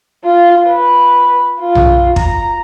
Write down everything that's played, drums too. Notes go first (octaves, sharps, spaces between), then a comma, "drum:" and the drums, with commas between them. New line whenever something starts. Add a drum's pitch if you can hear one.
F4
B4
F4
drum: tom B1
A#5, drum: kick